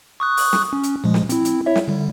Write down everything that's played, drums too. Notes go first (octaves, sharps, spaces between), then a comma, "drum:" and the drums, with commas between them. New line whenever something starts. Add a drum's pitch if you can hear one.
C#6 D#6 F#6
drum: open hi-hat
drum: snare
C#4
drum: hi-hat
A#2 F3 G#3
drum: snare
C4 E4, drum: hi-hat
drum: hi-hat
E4 C#5 E5
drum: snare
D3 G3